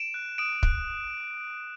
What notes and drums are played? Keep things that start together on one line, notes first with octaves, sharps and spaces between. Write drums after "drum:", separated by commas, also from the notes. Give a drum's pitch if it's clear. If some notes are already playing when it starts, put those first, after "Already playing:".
Already playing: D7 E7
F#6
D#6 D7 E7
F#6, drum: kick